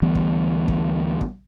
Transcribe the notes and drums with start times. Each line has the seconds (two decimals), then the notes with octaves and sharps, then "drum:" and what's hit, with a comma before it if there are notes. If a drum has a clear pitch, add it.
0.02 D2 E3 G3 B3
0.15 drum: kick
0.68 drum: kick
1.21 drum: kick